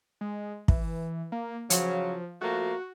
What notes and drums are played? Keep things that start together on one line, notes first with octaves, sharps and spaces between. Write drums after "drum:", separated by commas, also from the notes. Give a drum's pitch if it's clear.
G#3
E3, drum: kick
A#3
C#3 F3 F#3, drum: hi-hat
F3 A3 A#3 F#4